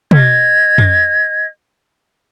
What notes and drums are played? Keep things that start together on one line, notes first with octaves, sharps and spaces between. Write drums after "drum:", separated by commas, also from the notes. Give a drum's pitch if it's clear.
D#5 G#6, drum: tom
drum: tom